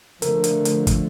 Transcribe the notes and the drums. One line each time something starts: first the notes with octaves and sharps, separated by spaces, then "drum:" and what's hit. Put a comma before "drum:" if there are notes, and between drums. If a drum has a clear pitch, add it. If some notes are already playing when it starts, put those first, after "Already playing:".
D3 F3 A3 A#4, drum: hi-hat
drum: hi-hat
drum: hi-hat
drum: kick, hi-hat